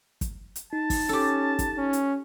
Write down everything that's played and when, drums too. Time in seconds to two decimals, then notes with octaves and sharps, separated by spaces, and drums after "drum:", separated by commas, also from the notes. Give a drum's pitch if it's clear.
0.21 drum: kick, hi-hat
0.56 drum: hi-hat
0.73 D#4 A5
0.90 drum: kick, open hi-hat
1.09 C#4 G4 A4
1.59 drum: kick, hi-hat
1.78 C#4
1.93 drum: hi-hat